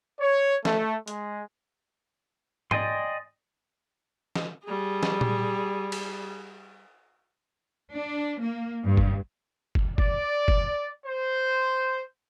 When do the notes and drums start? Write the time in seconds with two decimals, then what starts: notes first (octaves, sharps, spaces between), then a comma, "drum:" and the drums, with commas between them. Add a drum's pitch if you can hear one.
0.21 C#5
0.65 A3, drum: snare
1.08 G#3, drum: hi-hat
2.71 D5 D#5 G5 G#5 C6, drum: tom G#2
4.36 drum: snare
4.65 G3 G#4
5.03 drum: snare
5.21 drum: tom A#2
5.92 drum: cymbal
7.93 D4
8.40 A#3
8.84 G2
8.97 drum: kick
9.75 drum: kick
9.98 D5, drum: kick
10.48 drum: kick
11.06 C5